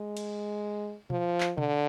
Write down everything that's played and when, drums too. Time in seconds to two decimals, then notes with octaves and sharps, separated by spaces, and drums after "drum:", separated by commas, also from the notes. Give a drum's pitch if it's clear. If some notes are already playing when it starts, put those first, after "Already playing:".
Already playing: G#3
0.17 drum: cymbal
1.10 F3, drum: tom B2
1.40 drum: clap
1.58 D3, drum: tom B2